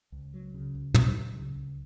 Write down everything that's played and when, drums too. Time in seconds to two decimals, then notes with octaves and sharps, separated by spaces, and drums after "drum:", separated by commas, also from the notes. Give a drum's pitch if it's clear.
0.12 C#2
0.34 F#3
0.54 C#3
0.75 C#2
0.94 C#2, drum: tom
1.15 F#3
1.35 C#3
1.55 C#2